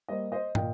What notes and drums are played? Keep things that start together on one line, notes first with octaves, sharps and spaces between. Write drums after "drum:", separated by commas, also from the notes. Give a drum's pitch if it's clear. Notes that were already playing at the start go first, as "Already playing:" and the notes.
G3 A#3 C5 D#5
C5 D#5
A#2 D#5 G5, drum: tom